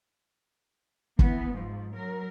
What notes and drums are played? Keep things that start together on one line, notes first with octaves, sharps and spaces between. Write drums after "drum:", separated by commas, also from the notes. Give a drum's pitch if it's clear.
E3 B3, drum: kick
G#2 F3
F#3 A#4